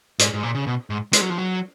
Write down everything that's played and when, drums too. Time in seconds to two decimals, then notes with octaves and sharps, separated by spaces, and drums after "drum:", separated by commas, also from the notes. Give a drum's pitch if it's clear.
0.19 G#2, drum: hi-hat
0.34 G#2
0.43 A#2
0.55 C#3
0.67 B2
0.90 G#2
1.13 G#3, drum: hi-hat
1.21 F#3
1.30 F3
1.38 F#3